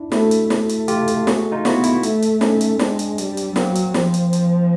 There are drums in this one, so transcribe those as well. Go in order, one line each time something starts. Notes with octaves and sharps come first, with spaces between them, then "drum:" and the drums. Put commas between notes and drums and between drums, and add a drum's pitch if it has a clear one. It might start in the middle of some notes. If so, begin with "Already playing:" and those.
Already playing: D4 E4
A3 E4 F#4, drum: snare
drum: hi-hat
A3, drum: snare
drum: hi-hat
F4 G4, drum: hi-hat
drum: hi-hat
F#4 G#4, drum: snare
D#4 F4
B3 E4 F#4, drum: snare
E4 F#4, drum: hi-hat
A3, drum: hi-hat
drum: hi-hat
C#4 D#4, drum: snare
drum: hi-hat
G#3 C4 D4, drum: snare
drum: hi-hat
G3, drum: hi-hat
drum: hi-hat
F#3 A#3 C4, drum: snare
drum: hi-hat
F3, drum: snare
drum: hi-hat
drum: hi-hat